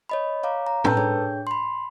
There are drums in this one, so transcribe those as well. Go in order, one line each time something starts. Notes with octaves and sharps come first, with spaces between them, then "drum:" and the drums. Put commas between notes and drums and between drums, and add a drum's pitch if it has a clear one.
C#5 D#5 B5
C#5 F5 A#5 D6
A#5
A4 B4 G5 A5 E6 G6, drum: tom
D4 G#4 C#5 G5 G6
B5 C6